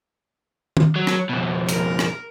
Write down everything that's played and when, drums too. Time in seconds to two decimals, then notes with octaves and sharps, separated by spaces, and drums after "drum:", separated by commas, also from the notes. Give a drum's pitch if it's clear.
0.77 drum: tom
0.96 F#3
1.07 drum: rim click
1.29 F2 B2
1.68 A#4, drum: hi-hat
1.99 drum: rim click